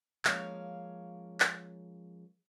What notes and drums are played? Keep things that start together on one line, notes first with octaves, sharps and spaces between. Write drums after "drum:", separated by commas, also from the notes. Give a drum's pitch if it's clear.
F3 G#3 A#3 C#4 C#5 F5, drum: clap
drum: clap